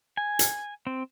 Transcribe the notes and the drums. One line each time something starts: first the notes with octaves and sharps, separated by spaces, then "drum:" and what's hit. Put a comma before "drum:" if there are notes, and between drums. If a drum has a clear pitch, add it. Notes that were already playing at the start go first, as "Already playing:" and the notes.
G#5
drum: hi-hat
C4